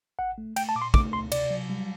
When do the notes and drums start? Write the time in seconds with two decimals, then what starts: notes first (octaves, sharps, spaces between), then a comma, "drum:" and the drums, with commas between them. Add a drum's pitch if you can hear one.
0.19 A1 F#5
0.38 A3
0.56 A3 G5, drum: cymbal
0.69 A5
0.75 A#2 D6
0.82 C6
0.94 A3 D6, drum: kick
1.13 D2 C6
1.32 C3 D5, drum: cymbal
1.50 F#3
1.70 G3